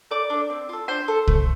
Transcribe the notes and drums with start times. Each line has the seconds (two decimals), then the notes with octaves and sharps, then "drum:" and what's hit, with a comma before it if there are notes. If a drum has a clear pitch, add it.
0.11 A3 D5 D6
0.30 D4 A4
0.50 C4
0.69 F4 A4
0.88 D4 C5 C6
1.08 A4
1.28 A3, drum: kick C2